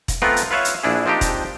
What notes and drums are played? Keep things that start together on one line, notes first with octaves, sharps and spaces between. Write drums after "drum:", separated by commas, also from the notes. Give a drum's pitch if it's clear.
drum: kick E1, hi-hat
A3 B3 C4 F4 A#4 B4
drum: hi-hat
F4 B4 C#5 E5 F5
drum: hi-hat
A#1 D4 E4 G#4
F3 C4 D4 D#4 G4
drum: kick E1, hi-hat